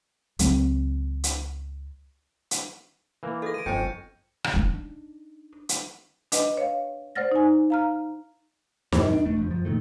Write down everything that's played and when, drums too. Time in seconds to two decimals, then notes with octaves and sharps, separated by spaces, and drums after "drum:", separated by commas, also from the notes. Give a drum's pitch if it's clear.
0.39 C#2 F#3 C4, drum: hi-hat
1.24 drum: hi-hat
2.51 drum: hi-hat
3.23 E3 A#3 A#4
3.42 F#4 A4 D#5 G#6 A#6
3.54 D7 D#7
3.66 G1 F2 C#4 C5 D#5 G5 G6 C#7
4.44 drum: rim click
4.54 D4 D#4
5.69 drum: hi-hat
6.32 D4 B4 D#5, drum: hi-hat
6.57 C#5 F5
7.15 C5 D5 F#5 F6 A6 A#6
7.32 D#4 G#5
7.70 F5 A#5 F6
8.92 E2 G2 B2, drum: snare
9.13 D4
9.25 E1 A3 D4
9.38 F2 F3
9.50 F#2 F3
9.65 A#2 D#3 A3